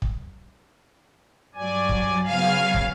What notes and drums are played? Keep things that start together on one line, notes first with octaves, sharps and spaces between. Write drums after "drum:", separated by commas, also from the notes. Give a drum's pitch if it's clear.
drum: kick
G2 F#3 D5 G#5
drum: kick
C#3 F#3 B3 F5 G#5
drum: kick